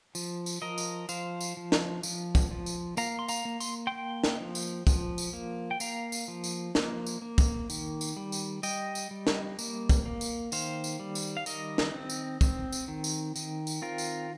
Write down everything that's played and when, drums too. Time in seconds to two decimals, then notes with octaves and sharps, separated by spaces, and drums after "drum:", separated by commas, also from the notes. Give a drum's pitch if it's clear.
0.15 F3, drum: tambourine
0.46 drum: tambourine
0.62 F3 A#4 D#5
0.78 drum: tambourine
1.09 F3 C5 F5, drum: tambourine
1.41 drum: tambourine
1.57 F3
1.72 drum: snare
2.03 F3, drum: tambourine
2.35 drum: kick, tambourine
2.51 F3
2.66 drum: tambourine
2.97 A#3 F5 A#5, drum: tambourine
3.19 C6
3.28 F5 A#5, drum: tambourine
3.45 A#3
3.60 C6, drum: tambourine
3.87 A#3 G5 C6
4.24 drum: snare
4.40 F3
4.55 drum: tambourine
4.87 F3, drum: kick, tambourine
5.18 drum: tambourine
5.33 A#3
5.71 G5
5.80 A#3 F5 A#5, drum: tambourine
6.12 drum: tambourine
6.28 F3
6.44 drum: tambourine
6.75 A#3, drum: snare
7.07 drum: tambourine
7.22 A#3
7.38 drum: kick, tambourine
7.70 D#3, drum: tambourine
8.01 drum: tambourine
8.17 G3
8.32 drum: tambourine
8.63 G3 D#5 G5, drum: tambourine
8.95 drum: tambourine
9.11 G3
9.27 drum: snare
9.59 A#3, drum: tambourine
9.90 drum: kick, tambourine
10.06 A#3
10.21 drum: tambourine
10.52 D#3 C5 F5, drum: tambourine
10.84 drum: tambourine
11.00 G3
11.15 drum: tambourine
11.37 F5
11.46 D#3 A#4 D#5, drum: tambourine
11.78 drum: snare
11.94 C4
12.10 drum: tambourine
12.41 C4, drum: kick, tambourine
12.72 drum: tambourine
12.88 D#3
13.04 drum: tambourine
13.36 D#3, drum: tambourine
13.67 drum: tambourine
13.82 C4 F4 A#4
13.98 drum: tambourine